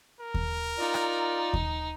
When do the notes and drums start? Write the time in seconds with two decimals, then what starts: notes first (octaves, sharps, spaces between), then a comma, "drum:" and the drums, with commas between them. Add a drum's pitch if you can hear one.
0.21 A#4
0.34 drum: kick D#2
0.79 D#4 F4 D5
0.94 drum: rim click
1.53 drum: kick D#2